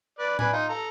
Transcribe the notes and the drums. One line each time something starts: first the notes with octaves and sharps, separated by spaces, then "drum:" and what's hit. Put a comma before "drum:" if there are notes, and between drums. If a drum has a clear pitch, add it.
B4 D5
D4 B4 G#5, drum: tom A2
D#4 F4
A4 A#5